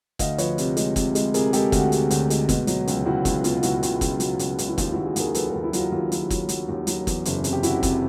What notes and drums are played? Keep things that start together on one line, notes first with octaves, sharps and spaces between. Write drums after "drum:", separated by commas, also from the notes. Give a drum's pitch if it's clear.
D2 D#5 F5, drum: kick, hi-hat
F3 B4 C#5, drum: hi-hat
C3, drum: hi-hat
G#3, drum: hi-hat
C3, drum: kick, hi-hat
G#3, drum: hi-hat
C3 G#4 A#4, drum: hi-hat
G#3 G4 A4, drum: hi-hat
D2 F#4 G#4, drum: kick, hi-hat
C3, drum: hi-hat
D2, drum: hi-hat
G#3, drum: hi-hat
B2, drum: kick, hi-hat
F#3, drum: hi-hat
C#2, drum: hi-hat
C#2 E4 F#4
C#2 F4, drum: kick, hi-hat
B2 F4, drum: hi-hat
C#2 E4 F#4, drum: hi-hat
C#2, drum: hi-hat
C#2, drum: kick, hi-hat
F#3, drum: hi-hat
C#2, drum: hi-hat
C#2, drum: hi-hat
E4
D#2 F4, drum: kick, hi-hat
D#2 E4 F#4
F#4 G#4
D#2 G#4 A#4, drum: hi-hat
F#3 A4 B4, drum: hi-hat
D#2 G#4 A#4
E4
F#3 F4, drum: hi-hat
D#2 F4
F#3, drum: hi-hat
F#3, drum: kick, hi-hat
F#3, drum: hi-hat
D#2
F#3, drum: hi-hat
E2, drum: kick, hi-hat
F#1, drum: hi-hat
C3, drum: hi-hat
G4
C3 E4 F#4, drum: hi-hat
C3, drum: kick, hi-hat